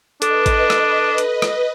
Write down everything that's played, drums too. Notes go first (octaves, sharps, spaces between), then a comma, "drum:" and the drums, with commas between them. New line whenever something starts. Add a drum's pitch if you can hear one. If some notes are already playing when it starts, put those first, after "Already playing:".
D4 A4 B4 D#5, drum: hi-hat
drum: kick G#1, hi-hat
drum: rim click
drum: hi-hat
drum: rim click